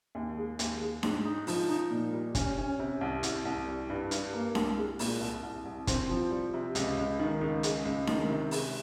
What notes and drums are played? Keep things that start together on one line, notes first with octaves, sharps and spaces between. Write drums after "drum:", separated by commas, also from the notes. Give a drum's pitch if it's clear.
D#2
G#3
D#2, drum: hi-hat
G#3
G#2, drum: snare D4
D#4
F3, drum: open hi-hat
D#4
A#2
G3
C#4, drum: kick, hi-hat
C#4
C3
C2
C2, drum: hi-hat
C2
G3
G2
G2, drum: hi-hat
A#3
C2, drum: snare D4
G#3
A#2, drum: open hi-hat
C2
C2
C2
C4, drum: kick, hi-hat
F3
G3
C3
C#2, drum: hi-hat
C#2
D#3
C#2
G#3, drum: hi-hat
C#2
D#3, drum: snare D4
C3
G#3, drum: open hi-hat